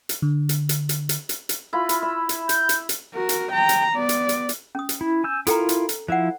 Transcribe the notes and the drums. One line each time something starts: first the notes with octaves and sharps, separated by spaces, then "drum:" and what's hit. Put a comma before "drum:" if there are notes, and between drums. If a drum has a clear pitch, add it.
drum: hi-hat
D3
drum: hi-hat
drum: hi-hat
drum: hi-hat
drum: hi-hat
drum: hi-hat
drum: hi-hat
E4 F4 B5
drum: hi-hat
E5
drum: hi-hat
G6, drum: hi-hat
drum: hi-hat
drum: hi-hat
F#4 A#4
drum: hi-hat
G5 A#5
drum: hi-hat
B3 D5
drum: hi-hat
drum: hi-hat
drum: hi-hat
C#4 D#6
drum: hi-hat
E4
G#5 E6 G6
E4 F4 A4 A#4 G5 A#5, drum: hi-hat
drum: hi-hat
drum: hi-hat
F3 E4 C5 F#5